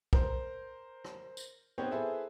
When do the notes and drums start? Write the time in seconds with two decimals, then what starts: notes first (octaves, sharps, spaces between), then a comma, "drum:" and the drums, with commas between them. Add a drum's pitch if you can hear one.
0.13 A#4 C5, drum: kick
1.05 drum: rim click
1.37 drum: tambourine
1.78 B3 C4 D#4 G4 C5 C#5
1.91 E4 G#4 A4 B4 C5 E5